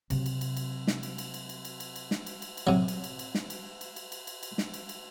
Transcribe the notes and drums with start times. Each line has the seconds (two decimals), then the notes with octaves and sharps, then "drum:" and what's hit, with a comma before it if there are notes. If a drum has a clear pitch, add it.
0.10 C3 F#3, drum: cymbal
0.26 drum: cymbal
0.41 drum: cymbal
0.57 drum: cymbal
0.87 drum: snare
1.03 drum: cymbal
1.18 drum: cymbal
1.34 drum: cymbal
1.49 drum: cymbal
1.65 drum: cymbal
1.80 drum: cymbal
1.96 drum: cymbal
2.11 drum: snare
2.26 drum: cymbal
2.42 drum: cymbal
2.57 drum: cymbal
2.67 C3 F#3
2.88 drum: cymbal
3.04 drum: cymbal
3.19 drum: cymbal
3.35 drum: snare
3.50 drum: cymbal
3.81 drum: cymbal
3.96 drum: cymbal
4.12 drum: cymbal
4.27 drum: cymbal
4.43 drum: cymbal
4.58 drum: snare
4.74 drum: cymbal
4.89 drum: cymbal